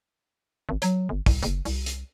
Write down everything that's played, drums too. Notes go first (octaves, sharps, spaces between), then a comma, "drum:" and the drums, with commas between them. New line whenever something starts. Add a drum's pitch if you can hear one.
G#1
F#3, drum: hi-hat
G1
C2, drum: kick, open hi-hat
F#1, drum: hi-hat
C2, drum: open hi-hat
drum: hi-hat